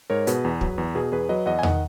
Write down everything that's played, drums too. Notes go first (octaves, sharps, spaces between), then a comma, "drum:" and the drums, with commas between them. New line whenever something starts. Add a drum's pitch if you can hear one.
G#2 A#4 C#5
B2 G#4 B4, drum: hi-hat
E2
F#3, drum: kick
E2
B2 G#4
E2 G#4 B4
F#3 B4 D#5
E2 D#5 F#5
G#5
D#3 D#5 F#5, drum: tom E2